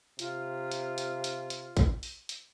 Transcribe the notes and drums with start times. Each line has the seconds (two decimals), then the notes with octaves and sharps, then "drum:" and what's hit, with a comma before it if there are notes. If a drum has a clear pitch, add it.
0.19 C3 F4, drum: hi-hat
0.72 drum: hi-hat
0.98 drum: hi-hat
1.24 drum: hi-hat
1.50 drum: hi-hat
1.77 drum: kick A1, hi-hat
2.03 drum: open hi-hat
2.29 drum: hi-hat